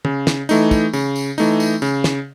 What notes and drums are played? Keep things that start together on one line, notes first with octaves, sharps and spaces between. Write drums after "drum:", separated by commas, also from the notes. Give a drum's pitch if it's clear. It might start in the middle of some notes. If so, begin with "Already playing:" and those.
C#3, drum: tom
drum: snare
E3 A3 D#4, drum: tambourine
drum: kick, tambourine
C#3, drum: tambourine
drum: tambourine
E3 A3 D#4, drum: tambourine
drum: tambourine
C#3, drum: tambourine
drum: snare